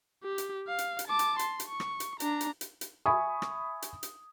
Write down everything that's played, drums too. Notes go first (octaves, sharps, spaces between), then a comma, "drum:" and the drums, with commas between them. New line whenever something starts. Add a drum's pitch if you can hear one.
G4
drum: hi-hat
F5
drum: hi-hat
drum: hi-hat
A5 D6
drum: hi-hat
C6, drum: hi-hat
drum: hi-hat
C#6
drum: rim click
drum: hi-hat
D4 A#5, drum: hi-hat
drum: hi-hat
drum: hi-hat
drum: hi-hat
E5 G#5 B5 C#6 D#6
drum: rim click
drum: hi-hat
drum: hi-hat